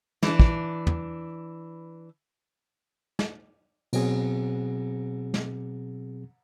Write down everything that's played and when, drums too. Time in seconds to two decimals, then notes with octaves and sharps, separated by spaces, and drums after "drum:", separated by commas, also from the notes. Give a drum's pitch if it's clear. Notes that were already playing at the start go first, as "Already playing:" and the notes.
0.23 E3 D4, drum: snare
0.40 drum: kick
0.87 drum: tom
3.19 drum: snare
3.93 B2 F#3 C4 G#4, drum: cymbal
5.34 drum: snare